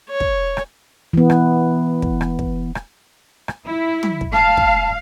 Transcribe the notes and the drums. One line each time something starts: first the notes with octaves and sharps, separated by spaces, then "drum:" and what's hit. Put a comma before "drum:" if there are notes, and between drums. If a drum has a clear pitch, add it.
C#5
drum: kick
drum: rim click
E3 B3
drum: rim click
drum: kick
drum: rim click
drum: kick
drum: rim click
drum: rim click
E4
drum: tom
drum: kick
F5 A5
drum: kick